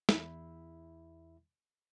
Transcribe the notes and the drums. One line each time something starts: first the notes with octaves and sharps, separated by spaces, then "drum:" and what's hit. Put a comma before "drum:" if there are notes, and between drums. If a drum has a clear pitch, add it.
E2 E4 E5 B5, drum: snare